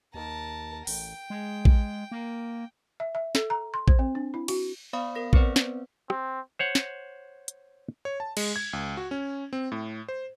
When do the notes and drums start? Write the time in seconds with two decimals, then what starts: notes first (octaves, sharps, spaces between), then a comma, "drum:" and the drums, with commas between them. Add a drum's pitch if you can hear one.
0.14 D#2 A#4 A5
0.87 A1 G5, drum: open hi-hat
1.30 G#3
1.65 drum: kick
2.12 A#3
3.00 E5
3.15 E5
3.35 A4, drum: snare
3.50 A#5
3.74 C6
3.88 C5, drum: kick
3.99 C4
4.15 D4
4.34 E4
4.48 F#4, drum: cymbal
4.93 B3 C5 D5 F5 B5 D#6
5.15 A#4 A#6
5.33 B3 C4 B4 C5 D5 F#5, drum: kick
5.56 drum: snare
6.10 C4, drum: rim click
6.59 C5 C#5 F#5
6.75 drum: snare
7.48 drum: hi-hat
8.05 C#5
8.20 A5
8.37 G#3, drum: cymbal
8.56 G#6
8.73 C#2
8.97 F#4
9.11 C#4
9.53 C4
9.72 A2
10.08 C5